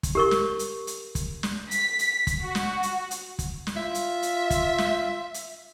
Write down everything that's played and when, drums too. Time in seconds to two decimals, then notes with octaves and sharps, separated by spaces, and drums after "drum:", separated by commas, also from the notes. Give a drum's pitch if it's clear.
0.03 drum: kick, hi-hat
0.15 G4 A#4 C#6
0.31 drum: snare
0.59 drum: hi-hat
0.87 drum: hi-hat
1.15 drum: kick, hi-hat
1.43 drum: snare
1.71 B6, drum: hi-hat
1.99 drum: hi-hat
2.27 drum: kick, hi-hat
2.41 F#4
2.55 drum: snare
2.83 drum: hi-hat
3.11 drum: hi-hat
3.39 drum: kick, hi-hat
3.67 drum: snare
3.77 F4 E5
3.95 drum: hi-hat
4.22 drum: hi-hat
4.50 drum: kick, hi-hat
4.78 drum: snare
5.34 drum: hi-hat